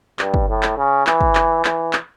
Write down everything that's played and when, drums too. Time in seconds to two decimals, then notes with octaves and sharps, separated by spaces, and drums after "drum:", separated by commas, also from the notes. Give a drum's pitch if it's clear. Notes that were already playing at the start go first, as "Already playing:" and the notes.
0.19 G2, drum: clap
0.34 drum: kick
0.49 A2
0.63 drum: clap
0.77 C#3
1.07 E3, drum: clap
1.21 drum: kick
1.35 drum: clap
1.65 E3, drum: clap
1.93 drum: clap